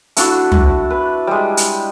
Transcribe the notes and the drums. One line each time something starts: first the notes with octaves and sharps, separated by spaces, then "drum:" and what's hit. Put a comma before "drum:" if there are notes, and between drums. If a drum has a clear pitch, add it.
A3 D4 E4 F#4, drum: hi-hat
drum: tom
B4
G3 G#3
drum: hi-hat